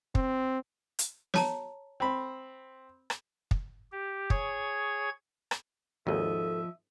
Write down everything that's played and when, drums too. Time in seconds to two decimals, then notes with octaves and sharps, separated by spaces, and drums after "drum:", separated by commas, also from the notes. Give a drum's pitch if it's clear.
0.15 C4, drum: kick
0.99 drum: hi-hat
1.34 C#5 A5 A#5, drum: snare
2.00 C4 B5
3.10 drum: rim click
3.51 drum: kick
3.92 G4
4.30 G#4 C#5 G#6, drum: kick
5.51 drum: rim click
6.07 G#1 D#2 F3 A4 D#5 E5